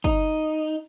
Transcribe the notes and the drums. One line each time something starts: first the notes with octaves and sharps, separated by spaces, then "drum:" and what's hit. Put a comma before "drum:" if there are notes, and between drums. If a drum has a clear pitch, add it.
D#4, drum: kick